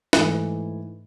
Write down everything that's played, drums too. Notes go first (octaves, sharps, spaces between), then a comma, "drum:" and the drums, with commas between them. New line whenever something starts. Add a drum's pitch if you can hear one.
G#2 E3 A3, drum: snare